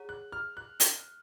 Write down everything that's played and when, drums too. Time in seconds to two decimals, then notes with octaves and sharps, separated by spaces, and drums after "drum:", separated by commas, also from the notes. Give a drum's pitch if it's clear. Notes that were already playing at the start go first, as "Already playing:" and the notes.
Already playing: G#4 C#5 F#5 A#5
0.09 F#6
0.32 F6
0.57 F#6
0.80 drum: hi-hat